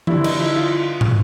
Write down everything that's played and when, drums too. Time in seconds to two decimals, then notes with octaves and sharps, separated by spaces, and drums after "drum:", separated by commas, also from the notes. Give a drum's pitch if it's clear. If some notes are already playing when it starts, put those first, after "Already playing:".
0.07 G2 D3 E4, drum: tom E3
0.24 D#4, drum: cymbal
0.40 E4
0.56 F4
1.01 drum: tom